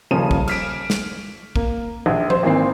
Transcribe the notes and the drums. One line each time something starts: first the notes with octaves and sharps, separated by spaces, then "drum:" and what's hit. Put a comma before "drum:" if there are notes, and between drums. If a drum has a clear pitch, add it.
D#1 C#3 F3 A#3 D#7
drum: kick
F6 B6 D7, drum: cymbal
drum: snare
A#3, drum: kick
A#1
C5, drum: tom F3
G#1 E3 A#3 C4 C7